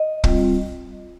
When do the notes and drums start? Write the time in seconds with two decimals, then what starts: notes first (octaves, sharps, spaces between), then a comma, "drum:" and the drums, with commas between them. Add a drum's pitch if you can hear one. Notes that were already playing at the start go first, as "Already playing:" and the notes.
Already playing: D#5
0.24 G3 C4 F4, drum: kick